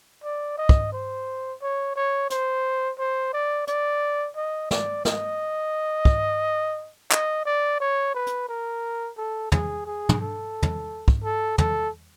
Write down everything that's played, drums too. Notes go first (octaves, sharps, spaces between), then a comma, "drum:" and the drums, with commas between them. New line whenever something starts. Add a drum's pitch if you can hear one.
D5
D#5
drum: kick
C5
C#5
C#5
C5, drum: hi-hat
C5
D5
D5, drum: hi-hat
D#5
D5, drum: snare
D#5, drum: snare
drum: kick
D#5, drum: clap
D5
C#5
B4
drum: hi-hat
A#4
A4
G#4, drum: tom
G#4
drum: tom
A4
drum: tom
drum: kick
A4
A4, drum: tom